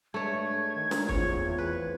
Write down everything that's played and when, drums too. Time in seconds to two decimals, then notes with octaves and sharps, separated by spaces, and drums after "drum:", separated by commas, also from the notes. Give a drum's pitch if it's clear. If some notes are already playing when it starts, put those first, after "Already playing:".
0.14 G2 G#3 A3 D4 C#5 G#6
0.75 D#3
0.91 drum: snare
1.09 E2 C4 F4 C#5, drum: kick
1.58 B4